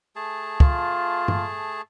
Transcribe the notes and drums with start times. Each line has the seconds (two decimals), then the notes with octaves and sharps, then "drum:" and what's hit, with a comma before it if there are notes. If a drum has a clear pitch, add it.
0.16 A3 G#4 A5
0.60 F4, drum: kick
1.28 drum: tom